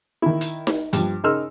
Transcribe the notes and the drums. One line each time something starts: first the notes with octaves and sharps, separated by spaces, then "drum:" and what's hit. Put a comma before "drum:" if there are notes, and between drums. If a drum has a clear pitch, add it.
D#3 E4
drum: hi-hat
drum: snare D#4
G2 F3, drum: hi-hat
C#3 D#4 A#4 C6 E6 F6